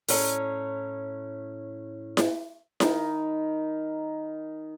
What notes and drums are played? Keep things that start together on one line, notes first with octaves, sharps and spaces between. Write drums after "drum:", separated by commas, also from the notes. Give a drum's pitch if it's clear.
A2 C#4 A#5, drum: open hi-hat
drum: snare E4
D#3 D#4 A#4 B5, drum: snare E4